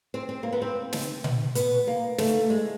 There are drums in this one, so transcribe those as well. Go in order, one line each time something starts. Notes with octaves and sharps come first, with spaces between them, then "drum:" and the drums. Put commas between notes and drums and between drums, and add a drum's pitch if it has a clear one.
C4
C4
A#3
B3
C4
drum: snare
drum: tom A#2
B3, drum: hi-hat
A#3
A3, drum: snare
G#3